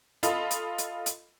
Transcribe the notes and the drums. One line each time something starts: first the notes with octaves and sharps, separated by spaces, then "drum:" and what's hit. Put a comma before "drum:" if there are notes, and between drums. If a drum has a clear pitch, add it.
F4 A4 D#5 B5, drum: hi-hat
drum: hi-hat
drum: hi-hat
drum: hi-hat